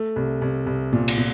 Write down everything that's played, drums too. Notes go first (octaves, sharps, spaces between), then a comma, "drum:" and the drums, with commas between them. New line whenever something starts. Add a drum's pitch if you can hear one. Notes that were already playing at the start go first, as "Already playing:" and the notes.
Already playing: A3
C2
C2
C2
A#2
drum: cymbal
A#2